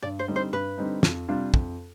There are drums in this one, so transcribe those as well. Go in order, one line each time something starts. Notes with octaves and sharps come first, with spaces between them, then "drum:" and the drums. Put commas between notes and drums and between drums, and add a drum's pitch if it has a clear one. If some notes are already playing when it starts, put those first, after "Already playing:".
G2 D5
C5
D3 G3 C4 D#4
C5
G2 B4
D3 G3 C4 D#4
F2, drum: snare
C3 G3 D4 F4
F2, drum: kick